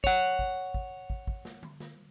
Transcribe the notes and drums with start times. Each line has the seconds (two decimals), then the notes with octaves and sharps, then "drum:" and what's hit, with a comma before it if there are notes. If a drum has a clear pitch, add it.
0.04 C#5 F#5, drum: kick
0.39 drum: kick
0.74 drum: kick
1.10 drum: kick
1.27 drum: kick
1.45 drum: snare
1.63 drum: tom D3
1.80 drum: snare